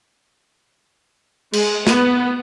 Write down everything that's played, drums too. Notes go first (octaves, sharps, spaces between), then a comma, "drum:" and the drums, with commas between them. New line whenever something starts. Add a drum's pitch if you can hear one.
G#3, drum: cymbal
B3, drum: snare